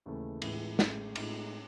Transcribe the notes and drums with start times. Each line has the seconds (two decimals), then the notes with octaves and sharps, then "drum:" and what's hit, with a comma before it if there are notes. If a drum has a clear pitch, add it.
0.06 D#2 C#3 E3 A3
0.42 A2 E3 G#3, drum: cymbal
0.79 A1 A2 G#3, drum: snare
1.15 A2 G#3 D#4, drum: cymbal